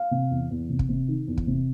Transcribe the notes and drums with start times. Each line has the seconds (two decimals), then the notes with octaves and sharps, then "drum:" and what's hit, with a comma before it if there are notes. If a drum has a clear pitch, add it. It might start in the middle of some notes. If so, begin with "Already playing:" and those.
Already playing: F5
0.11 C3
0.31 E2
0.50 E2
0.69 C3
0.79 drum: kick
0.89 C3
1.08 D#3
1.28 E2
1.38 drum: kick
1.47 C3